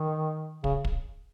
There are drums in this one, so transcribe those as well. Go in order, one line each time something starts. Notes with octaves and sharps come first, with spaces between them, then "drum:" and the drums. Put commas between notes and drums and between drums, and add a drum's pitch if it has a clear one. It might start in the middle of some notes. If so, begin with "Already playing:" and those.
Already playing: D#3
C#3, drum: kick
drum: kick